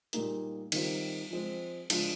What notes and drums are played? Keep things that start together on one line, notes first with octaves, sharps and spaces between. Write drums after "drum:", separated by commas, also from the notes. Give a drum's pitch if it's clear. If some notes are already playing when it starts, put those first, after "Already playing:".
A#2 G3 A#3 D#4 G#4, drum: hi-hat
D#3 G3 C4 F4, drum: cymbal
F3 G#3 C4
F3 G#3 D4 F4, drum: cymbal